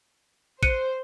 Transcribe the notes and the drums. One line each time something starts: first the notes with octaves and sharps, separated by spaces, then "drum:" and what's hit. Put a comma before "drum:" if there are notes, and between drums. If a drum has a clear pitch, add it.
C5 F#6 C#7 D#7, drum: kick, hi-hat